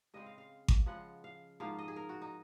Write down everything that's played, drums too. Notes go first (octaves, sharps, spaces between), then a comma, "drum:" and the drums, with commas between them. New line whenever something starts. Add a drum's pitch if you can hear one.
C#3 G#3 C4 D#5
F5
F5
drum: kick G#1
C#3 F3 G#3 F#5
F5
G#2 F3 A#3 F5
D#5
G#4
A#4
F#4
D#4